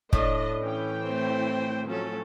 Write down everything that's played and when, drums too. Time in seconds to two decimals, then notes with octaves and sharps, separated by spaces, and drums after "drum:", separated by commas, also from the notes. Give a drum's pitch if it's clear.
0.13 A2 D4 D#5, drum: kick
0.61 E3 C#4 G5
1.05 A3 C4 C5
1.87 F3 F#3 A3 C#4 A4